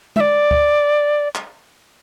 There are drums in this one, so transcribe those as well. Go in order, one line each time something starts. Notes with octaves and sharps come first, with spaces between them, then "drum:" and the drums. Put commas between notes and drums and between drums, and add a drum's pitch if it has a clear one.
E5, drum: tom G#3
D5
drum: kick
drum: clap